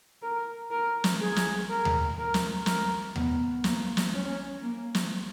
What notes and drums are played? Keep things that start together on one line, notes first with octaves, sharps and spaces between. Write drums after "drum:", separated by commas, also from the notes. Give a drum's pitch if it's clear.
A#4
A#4
drum: snare
G#4
drum: snare
A#4
drum: tom D#2
A#4
drum: snare
A#4, drum: snare
B3, drum: tom D#2
A#3, drum: snare
drum: snare
C#4
A#3
drum: snare